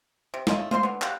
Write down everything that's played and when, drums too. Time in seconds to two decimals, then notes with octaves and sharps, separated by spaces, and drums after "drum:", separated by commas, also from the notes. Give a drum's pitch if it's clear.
0.34 C3
0.47 A3 C#4 F4 D#5, drum: snare
0.71 F4 C5 E5 C6, drum: tom G#3
0.83 D3 B3
1.02 G3 F5 F#5, drum: clap